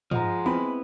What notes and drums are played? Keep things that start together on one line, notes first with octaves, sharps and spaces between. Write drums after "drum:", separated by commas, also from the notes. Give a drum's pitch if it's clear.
F3 G#3 D#5 F#5 A#5, drum: tom
B3 C4 E4 B5